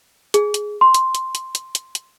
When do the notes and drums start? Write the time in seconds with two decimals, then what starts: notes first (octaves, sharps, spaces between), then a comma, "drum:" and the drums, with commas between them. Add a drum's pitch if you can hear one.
0.34 G#4, drum: hi-hat
0.54 drum: hi-hat
0.81 C6
0.94 drum: hi-hat
1.15 drum: hi-hat
1.35 drum: hi-hat
1.55 drum: hi-hat
1.75 drum: hi-hat
1.95 drum: hi-hat